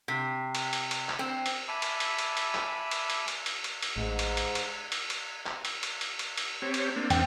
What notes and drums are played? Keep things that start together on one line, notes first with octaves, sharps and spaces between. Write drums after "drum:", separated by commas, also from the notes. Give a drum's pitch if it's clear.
C3
drum: cymbal
drum: cymbal
drum: cymbal
drum: clap
C4
drum: cymbal
E5 G#5 A5 B5 D6 E6
drum: cymbal
drum: cymbal
drum: cymbal
drum: cymbal
drum: clap
drum: cymbal
drum: cymbal
drum: cymbal
drum: cymbal
drum: cymbal
drum: cymbal
A1 G#2
drum: cymbal
drum: cymbal
drum: cymbal
drum: cymbal
drum: cymbal
drum: clap
drum: cymbal
drum: cymbal
drum: cymbal
drum: cymbal
drum: cymbal
C4 G4 C#5
drum: cymbal
A#3 C4 D4
E2 G5, drum: cymbal